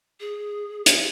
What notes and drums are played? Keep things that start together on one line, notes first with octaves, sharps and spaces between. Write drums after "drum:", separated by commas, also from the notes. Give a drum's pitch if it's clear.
G#4
drum: hi-hat